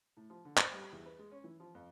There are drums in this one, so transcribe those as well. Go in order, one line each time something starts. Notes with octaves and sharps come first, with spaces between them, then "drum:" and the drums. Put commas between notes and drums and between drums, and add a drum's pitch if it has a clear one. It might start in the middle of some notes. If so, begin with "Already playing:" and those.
A2
F3
D3
C5, drum: clap
G3
E2
B4
G#3
C#4
E3
F3
F2